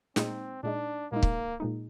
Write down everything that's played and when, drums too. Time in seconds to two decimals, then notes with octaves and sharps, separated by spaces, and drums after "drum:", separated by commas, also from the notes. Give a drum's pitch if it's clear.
0.16 A#2 G#3 C4 D#4, drum: snare
0.63 A#2 G#3 D4 D#4
1.12 A#2 G#3 A#3 D#4
1.23 drum: kick
1.60 A#2 G#3 D#4